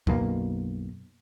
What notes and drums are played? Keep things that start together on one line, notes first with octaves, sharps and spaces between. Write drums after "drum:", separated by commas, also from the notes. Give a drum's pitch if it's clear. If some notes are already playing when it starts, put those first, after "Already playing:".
B1 F#2 B2 A#3, drum: kick D2